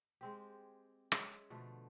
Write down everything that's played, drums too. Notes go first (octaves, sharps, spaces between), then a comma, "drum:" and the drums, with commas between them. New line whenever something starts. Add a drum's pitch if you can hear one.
G#3 C4 G4
G#3 C#4 C#5 E5, drum: rim click
B2 D3 F3 A3